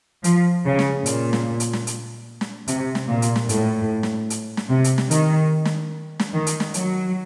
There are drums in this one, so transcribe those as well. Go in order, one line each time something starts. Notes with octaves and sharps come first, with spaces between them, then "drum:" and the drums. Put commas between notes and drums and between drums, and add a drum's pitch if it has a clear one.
F3, drum: hi-hat
C#3
drum: snare
A#2, drum: hi-hat
drum: snare
drum: hi-hat
drum: snare
drum: hi-hat
drum: snare
C3, drum: hi-hat
drum: snare
A#2
drum: hi-hat
drum: snare
A2, drum: hi-hat
drum: snare
drum: hi-hat
drum: snare
C3
drum: hi-hat
drum: snare
D#3, drum: hi-hat
drum: snare
drum: snare
D#3
drum: hi-hat
drum: snare
F#3, drum: hi-hat